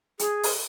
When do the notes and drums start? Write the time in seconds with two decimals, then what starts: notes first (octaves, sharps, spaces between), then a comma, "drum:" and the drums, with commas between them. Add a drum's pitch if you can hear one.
0.19 G#4, drum: hi-hat
0.43 drum: open hi-hat